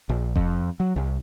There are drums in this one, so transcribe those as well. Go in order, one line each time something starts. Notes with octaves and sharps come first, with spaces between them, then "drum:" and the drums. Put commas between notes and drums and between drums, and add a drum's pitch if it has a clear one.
A#1
F2, drum: kick F1
F#3
C2